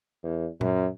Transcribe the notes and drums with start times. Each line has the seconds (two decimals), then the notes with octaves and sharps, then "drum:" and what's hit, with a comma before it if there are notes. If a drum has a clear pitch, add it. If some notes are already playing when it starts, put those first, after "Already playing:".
0.23 E2
0.61 F#2, drum: tom A#2